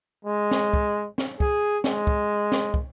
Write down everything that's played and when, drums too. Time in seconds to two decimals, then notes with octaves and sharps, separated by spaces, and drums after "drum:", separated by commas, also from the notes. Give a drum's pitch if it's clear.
0.25 G#3
0.51 drum: snare
0.73 drum: kick
1.18 drum: snare
1.40 G#4, drum: kick
1.84 G#3, drum: snare
2.07 drum: kick
2.52 drum: snare
2.74 drum: kick